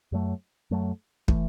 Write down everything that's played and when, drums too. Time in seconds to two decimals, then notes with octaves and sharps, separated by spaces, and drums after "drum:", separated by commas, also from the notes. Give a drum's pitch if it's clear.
0.12 F#2 F#3 A3
0.71 F#2 F#3 A3
1.28 E3 A3, drum: kick